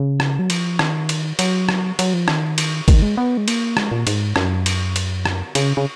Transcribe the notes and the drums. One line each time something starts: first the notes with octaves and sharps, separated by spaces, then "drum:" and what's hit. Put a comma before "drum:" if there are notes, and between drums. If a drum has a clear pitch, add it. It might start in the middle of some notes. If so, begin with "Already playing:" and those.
Already playing: C#3
drum: rim click
F#3
F3, drum: cymbal
D#3, drum: rim click
drum: cymbal
F#3, drum: cymbal
drum: rim click
F#3, drum: cymbal
F3
D#3, drum: rim click
drum: cymbal
D#3, drum: kick, cymbal
G#3
B3
G#3
A#3, drum: cymbal
G#3, drum: rim click
A#2
G#2, drum: cymbal
F#2, drum: rim click
drum: cymbal
drum: cymbal
drum: rim click
C#3, drum: cymbal
C#3